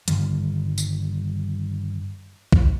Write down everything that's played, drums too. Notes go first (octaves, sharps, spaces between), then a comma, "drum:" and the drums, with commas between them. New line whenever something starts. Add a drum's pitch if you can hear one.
G2 D3 D#3 G3, drum: hi-hat
drum: tambourine
drum: kick